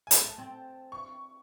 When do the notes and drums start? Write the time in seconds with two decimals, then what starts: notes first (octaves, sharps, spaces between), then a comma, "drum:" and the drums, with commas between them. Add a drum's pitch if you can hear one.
0.07 G#5
0.11 G#3 A5, drum: hi-hat
0.25 A3
0.38 C4
0.92 C#6